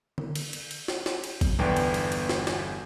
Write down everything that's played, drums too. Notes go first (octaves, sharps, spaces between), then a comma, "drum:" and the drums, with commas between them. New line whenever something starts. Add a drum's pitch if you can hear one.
drum: tom D3
drum: cymbal
drum: cymbal
drum: cymbal
drum: snare
drum: snare
drum: cymbal
drum: kick G#1, cymbal
G1 E2 B4 C5 D5 G5, drum: tom
drum: cymbal
drum: cymbal
drum: cymbal
drum: snare
drum: snare